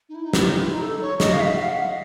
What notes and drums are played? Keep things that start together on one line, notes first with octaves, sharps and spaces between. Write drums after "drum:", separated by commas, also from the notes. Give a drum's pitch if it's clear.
D#4
E4
D#4
E4, drum: snare
F4
E4
D#4
A4
C#5
D#5, drum: snare
F5
E5
F#5
F5
F#5
F5
D#5